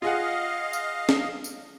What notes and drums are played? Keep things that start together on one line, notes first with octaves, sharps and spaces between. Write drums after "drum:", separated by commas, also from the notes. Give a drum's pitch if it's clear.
F4 G#4 D#5 F5 F#5
drum: tambourine
drum: snare
drum: tambourine